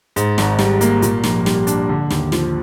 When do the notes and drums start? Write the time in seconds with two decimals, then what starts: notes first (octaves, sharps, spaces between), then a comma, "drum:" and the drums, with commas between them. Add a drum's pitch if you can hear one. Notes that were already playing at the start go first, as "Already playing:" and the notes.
0.16 G#2, drum: hi-hat
0.38 G#1, drum: snare
0.59 G3, drum: snare
0.81 A#3, drum: hi-hat
1.02 A#2, drum: hi-hat
1.24 A#1, drum: snare
1.46 G3, drum: snare
1.67 D4, drum: hi-hat
1.89 D3
2.10 D#2, drum: snare
2.32 F3, drum: snare